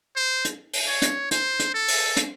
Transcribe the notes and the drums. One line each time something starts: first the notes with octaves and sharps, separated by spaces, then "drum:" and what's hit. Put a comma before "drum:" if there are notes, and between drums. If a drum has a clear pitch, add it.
C5
drum: hi-hat
drum: open hi-hat
C#5
drum: hi-hat
C5, drum: hi-hat
drum: hi-hat
A4
drum: open hi-hat
drum: hi-hat